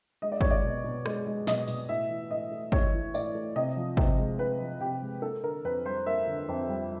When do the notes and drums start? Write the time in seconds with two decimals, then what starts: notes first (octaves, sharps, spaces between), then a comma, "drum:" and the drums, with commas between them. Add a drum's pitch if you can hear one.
0.22 G#3 D#5
0.32 D5
0.41 G#3 C#5, drum: kick
0.51 D5
0.63 B2
0.84 B2
1.06 G#3, drum: rim click
1.27 G#3
1.47 B2 D#5, drum: snare
1.68 B2, drum: open hi-hat
1.89 A2 E5
2.09 E3
2.31 A2 D#5
2.51 A3
2.72 A2 C#5, drum: kick
2.93 E3
3.14 A2 D5, drum: tambourine
3.35 A3
3.56 C3 D#5
3.77 F3
3.97 C3, drum: kick
4.18 G#3
4.39 C3 B4
4.60 F3
4.80 C3 G4
5.02 G#3
5.22 A#3 A4
5.43 D3 A#4
5.64 F2 B4
5.85 G3 C5
6.06 A#3 E5
6.27 D3
6.48 F2
6.69 G3